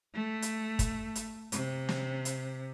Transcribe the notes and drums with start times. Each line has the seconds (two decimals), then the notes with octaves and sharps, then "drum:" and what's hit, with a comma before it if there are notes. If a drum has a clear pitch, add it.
0.14 A3
0.42 drum: hi-hat
0.79 drum: kick, hi-hat
1.15 drum: hi-hat
1.52 C3, drum: hi-hat
1.89 drum: snare
2.25 drum: hi-hat